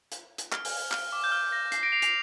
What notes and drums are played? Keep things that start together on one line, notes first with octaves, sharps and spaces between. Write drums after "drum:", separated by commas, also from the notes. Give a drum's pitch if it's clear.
drum: hi-hat
drum: hi-hat
F6, drum: clap
F6, drum: open hi-hat
F6, drum: clap
D6
G6
F6
A#6
C7, drum: hi-hat
A#6 D7
C7 F7
C7 F7, drum: hi-hat